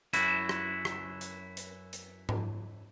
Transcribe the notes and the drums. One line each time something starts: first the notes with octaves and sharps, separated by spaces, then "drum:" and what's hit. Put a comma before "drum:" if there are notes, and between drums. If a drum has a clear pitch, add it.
F#2 E4 F#4, drum: hi-hat
drum: rim click
drum: rim click
drum: hi-hat
drum: hi-hat
drum: hi-hat
drum: tom G#2